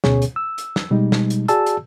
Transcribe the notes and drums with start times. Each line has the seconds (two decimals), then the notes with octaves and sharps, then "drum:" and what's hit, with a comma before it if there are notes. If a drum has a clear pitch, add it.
0.04 D2 B2 C#4 G#4 C#5, drum: snare
0.22 drum: hi-hat
0.36 E6
0.58 drum: hi-hat
0.76 drum: snare
0.90 B2 G3 G#3 D#4
1.12 drum: snare
1.30 drum: hi-hat
1.48 F#4 G#4 D5 A5 E6, drum: hi-hat
1.66 drum: hi-hat